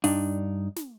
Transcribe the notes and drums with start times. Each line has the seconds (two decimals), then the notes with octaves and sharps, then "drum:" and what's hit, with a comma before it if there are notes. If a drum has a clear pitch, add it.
0.04 G2 D4 D#4, drum: open hi-hat
0.76 drum: snare